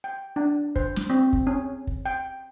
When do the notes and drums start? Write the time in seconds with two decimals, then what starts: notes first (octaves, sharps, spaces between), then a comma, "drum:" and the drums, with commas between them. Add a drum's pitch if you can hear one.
0.04 G5
0.36 D4
0.76 C5, drum: kick
0.96 drum: snare
1.10 C4
1.33 drum: kick
1.47 C#4
1.87 drum: kick
2.06 G5